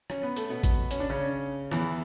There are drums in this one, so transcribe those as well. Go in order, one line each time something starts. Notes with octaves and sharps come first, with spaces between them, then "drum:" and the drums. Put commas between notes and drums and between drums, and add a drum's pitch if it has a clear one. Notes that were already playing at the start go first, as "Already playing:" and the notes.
C#4, drum: rim click
B3
A3, drum: hi-hat
B2 B3
drum: kick, hi-hat
C#4, drum: hi-hat
D4
C#3 C#4
E2 E3, drum: rim click